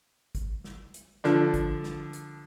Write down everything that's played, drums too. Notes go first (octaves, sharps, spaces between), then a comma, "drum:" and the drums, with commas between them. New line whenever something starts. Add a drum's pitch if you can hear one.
drum: kick, hi-hat
drum: snare
drum: hi-hat
D3 F3 D4, drum: snare
drum: kick, hi-hat
drum: snare
drum: hi-hat